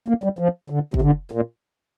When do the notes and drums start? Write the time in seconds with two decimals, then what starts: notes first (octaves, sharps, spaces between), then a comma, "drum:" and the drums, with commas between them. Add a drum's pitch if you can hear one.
0.08 A#3
0.24 G3
0.39 F3
0.70 D3
0.94 C3, drum: kick
1.02 D3
1.32 A#2